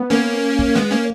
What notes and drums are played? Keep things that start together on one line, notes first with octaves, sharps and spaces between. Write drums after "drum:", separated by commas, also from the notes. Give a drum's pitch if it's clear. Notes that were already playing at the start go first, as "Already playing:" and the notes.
Already playing: B3
A#3 C#4, drum: snare
drum: kick
G#3 B3, drum: snare
A#3 C#4